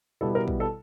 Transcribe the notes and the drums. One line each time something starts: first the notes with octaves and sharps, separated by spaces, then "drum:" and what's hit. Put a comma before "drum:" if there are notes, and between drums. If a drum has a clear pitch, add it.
B2 G3 B3 E4 A4
A#4
drum: kick
A4